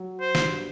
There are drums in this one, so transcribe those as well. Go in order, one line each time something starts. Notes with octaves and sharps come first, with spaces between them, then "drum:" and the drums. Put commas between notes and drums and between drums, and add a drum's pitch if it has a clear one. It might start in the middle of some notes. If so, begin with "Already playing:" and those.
Already playing: F#3
C5
G2, drum: snare